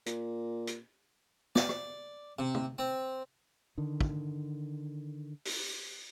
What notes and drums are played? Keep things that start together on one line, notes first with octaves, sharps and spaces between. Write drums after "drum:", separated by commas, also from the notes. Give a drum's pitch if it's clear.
A#2, drum: hi-hat
drum: hi-hat
D5, drum: snare
drum: rim click
C3
drum: tom
C4
D3 D#3
drum: kick
drum: open hi-hat